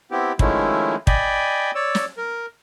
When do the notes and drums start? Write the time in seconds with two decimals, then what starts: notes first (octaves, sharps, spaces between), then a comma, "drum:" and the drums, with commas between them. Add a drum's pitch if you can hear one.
0.11 B3 C4 E4 G4
0.39 D#3 F3 G#3 A3 C#4 E4, drum: kick
1.07 D5 D#5 G5 G#5 B5, drum: kick
1.75 C#5 D5 E6
1.95 drum: snare
2.18 A#4